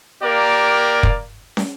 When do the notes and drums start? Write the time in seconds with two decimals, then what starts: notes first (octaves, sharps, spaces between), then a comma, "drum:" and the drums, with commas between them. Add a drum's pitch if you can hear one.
0.23 A#3 G4 A#4 D5
1.03 drum: kick
1.57 drum: snare